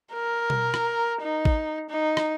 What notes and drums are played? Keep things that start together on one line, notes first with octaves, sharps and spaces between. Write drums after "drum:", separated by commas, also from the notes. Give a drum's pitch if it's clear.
A#4
drum: tom B2
drum: rim click
D#4
drum: kick A1
D#4
drum: rim click